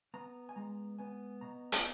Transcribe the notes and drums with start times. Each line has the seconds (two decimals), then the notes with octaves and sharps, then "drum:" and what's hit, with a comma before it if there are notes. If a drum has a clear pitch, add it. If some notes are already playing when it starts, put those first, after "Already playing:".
0.14 B3 A#5
0.49 G#5
0.56 G#3 A#5
0.99 B3 G#5
1.41 B2 A#5
1.72 drum: hi-hat